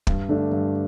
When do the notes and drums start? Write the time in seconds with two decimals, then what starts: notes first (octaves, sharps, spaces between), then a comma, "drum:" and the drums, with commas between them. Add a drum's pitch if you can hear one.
0.07 G2, drum: kick
0.29 D3 A3 D4
0.52 G2